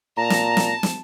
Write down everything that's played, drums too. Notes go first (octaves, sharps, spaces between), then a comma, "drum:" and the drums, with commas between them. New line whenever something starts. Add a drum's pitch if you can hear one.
A#2 A5 A#5
drum: snare
drum: snare
drum: snare